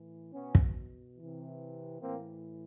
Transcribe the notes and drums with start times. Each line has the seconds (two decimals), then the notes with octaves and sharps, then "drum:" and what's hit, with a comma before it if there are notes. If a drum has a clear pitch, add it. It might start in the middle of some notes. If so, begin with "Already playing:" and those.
Already playing: A2 E3
0.34 B2 B3 C#4
0.55 drum: kick
1.18 C3 E3
2.01 A2 E3 A#3 C4